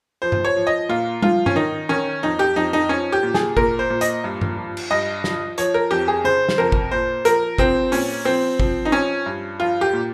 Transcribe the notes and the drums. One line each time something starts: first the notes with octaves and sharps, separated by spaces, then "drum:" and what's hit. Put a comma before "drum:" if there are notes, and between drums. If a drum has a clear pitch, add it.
F3 C5
drum: tom G2
C#5
F3
D#5
A#2 F4
F3 F4, drum: tom G3
C#4, drum: tom G2
D#3 D#4
D#3 C#4
F2 D#4
G4
F2 D#4
D#4
F3 C#4
G4
A#2
G#4, drum: snare
A#2 A#4, drum: kick G#1
C5
A#2
D#5, drum: hi-hat
G2
drum: tom G2
F3
drum: cymbal
G2 D#5
F3, drum: snare
F3 C#5, drum: hi-hat
A#4
F2 G4
G#4
C#3 C5
drum: snare
F2 A#4
drum: kick G#1
A#2 C5
F3 A#4, drum: hi-hat
F3 C4, drum: kick G#1
A#2 C#4, drum: open hi-hat
F3 C4
F3, drum: kick G#1
D#4
F3 C#4
G2
F3 F4
G4
A#2